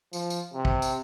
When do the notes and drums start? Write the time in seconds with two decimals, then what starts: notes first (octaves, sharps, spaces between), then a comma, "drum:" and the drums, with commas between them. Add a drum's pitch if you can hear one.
0.13 F3, drum: tambourine
0.30 drum: tambourine
0.54 C3
0.65 drum: kick
0.82 drum: tambourine